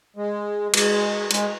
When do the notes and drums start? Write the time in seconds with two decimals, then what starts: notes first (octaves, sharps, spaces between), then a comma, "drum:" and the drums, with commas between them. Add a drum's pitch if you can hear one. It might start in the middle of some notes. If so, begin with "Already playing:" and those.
0.16 G#3
0.74 G#3, drum: cymbal
1.31 G#3, drum: hi-hat